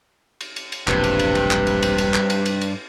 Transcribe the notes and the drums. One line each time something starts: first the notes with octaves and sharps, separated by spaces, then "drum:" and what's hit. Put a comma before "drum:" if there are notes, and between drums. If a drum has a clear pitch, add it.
drum: cymbal
drum: cymbal
drum: cymbal
E1 A#1 G2 C3 B4, drum: clap
drum: cymbal
drum: cymbal
drum: cymbal
drum: clap
drum: cymbal
drum: cymbal
drum: cymbal
drum: clap
drum: cymbal
drum: cymbal
drum: cymbal